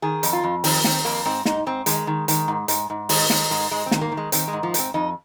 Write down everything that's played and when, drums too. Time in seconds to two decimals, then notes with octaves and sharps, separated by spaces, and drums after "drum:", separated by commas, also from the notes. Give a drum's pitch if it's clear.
0.02 D#3 G#4
0.23 F2, drum: hi-hat
0.33 F4
0.43 F2
0.64 D#3 C4, drum: open hi-hat
0.84 D#3 C4, drum: snare
1.05 F2 A#3
1.25 G#2 C4
1.45 G#2 D#4, drum: snare
1.66 G#2 C4
1.86 D#3 G#3, drum: hi-hat
2.07 D#3
2.28 D#3, drum: hi-hat
2.48 G#2
2.68 G#2, drum: hi-hat
2.90 G#2
3.09 D#3 G#3, drum: open hi-hat
3.30 D#3 G#3, drum: snare
3.50 G#2 G#3
3.71 G#2 G#3
3.86 C4
3.91 D#3, drum: snare
4.01 A#3
4.12 D#3
4.17 G#3
4.32 D#3 C4, drum: hi-hat
4.48 G#3
4.53 G#2
4.63 F3
4.74 G#2 C4, drum: hi-hat
4.94 F2 D#4